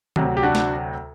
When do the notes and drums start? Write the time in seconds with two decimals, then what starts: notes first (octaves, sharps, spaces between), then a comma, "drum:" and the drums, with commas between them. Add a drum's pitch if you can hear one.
0.16 D2 C3 F#3, drum: tom D#3
0.37 G4
0.43 D4 F#4
0.55 drum: snare